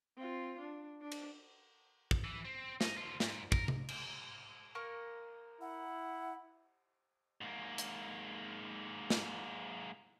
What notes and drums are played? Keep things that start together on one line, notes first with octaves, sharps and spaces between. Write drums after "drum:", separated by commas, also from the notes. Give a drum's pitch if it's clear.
C4 F4
D4
D4
drum: cymbal
drum: kick
E3
C4
D#4, drum: snare
D3 F4
G#2, drum: snare
A#4, drum: kick
drum: tom C3
drum: cymbal
A#3 A#4 C#6
E4 F#5
G#2 A#3
drum: hi-hat
drum: snare